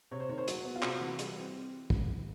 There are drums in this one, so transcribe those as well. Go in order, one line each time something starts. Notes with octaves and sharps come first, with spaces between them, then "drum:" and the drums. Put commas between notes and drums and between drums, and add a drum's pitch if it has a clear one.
C3 C#5
C5
D#3 C#5
C5
F#3 F#4, drum: hi-hat
B3
F4
C3 F#4, drum: clap
E3
G3, drum: hi-hat
C4
drum: kick